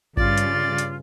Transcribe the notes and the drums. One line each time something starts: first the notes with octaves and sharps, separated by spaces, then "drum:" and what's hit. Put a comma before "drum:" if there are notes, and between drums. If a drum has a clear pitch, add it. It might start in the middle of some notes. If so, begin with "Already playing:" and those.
G2 C#3 F4 D5 A6, drum: kick G#1
drum: hi-hat
drum: hi-hat